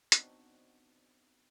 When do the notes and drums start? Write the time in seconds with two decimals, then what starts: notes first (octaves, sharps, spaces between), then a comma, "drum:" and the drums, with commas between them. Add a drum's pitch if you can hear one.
0.12 B3 C4 D4 D#4 F#4, drum: hi-hat